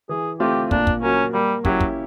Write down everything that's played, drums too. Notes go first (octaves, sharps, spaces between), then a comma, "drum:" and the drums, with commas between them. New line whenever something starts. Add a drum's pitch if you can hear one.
E3 G#4
A3 C4 F4 G4
A#2 D4, drum: kick
drum: kick
F#3 A#3 C#4
G3 A#3
F#3 C#4 E4 G4, drum: kick
drum: kick